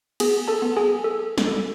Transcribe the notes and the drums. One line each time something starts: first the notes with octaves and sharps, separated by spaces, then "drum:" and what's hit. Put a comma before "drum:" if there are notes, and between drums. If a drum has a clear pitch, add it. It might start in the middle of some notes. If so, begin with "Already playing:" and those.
B3 G#4 G#5, drum: cymbal
A4 A5
B3
G#4 G#5
A4
drum: snare
A4